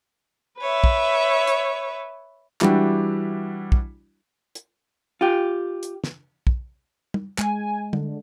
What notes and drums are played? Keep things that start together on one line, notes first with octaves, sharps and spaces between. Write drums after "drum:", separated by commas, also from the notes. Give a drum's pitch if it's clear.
B4 C#5 E5
drum: kick
drum: hi-hat
E3 G3 D4 E4 F#4 G4, drum: clap
drum: kick
drum: hi-hat
F4 G4
drum: hi-hat
drum: snare
drum: kick
drum: tom
G#3 G#5, drum: clap
D3, drum: tom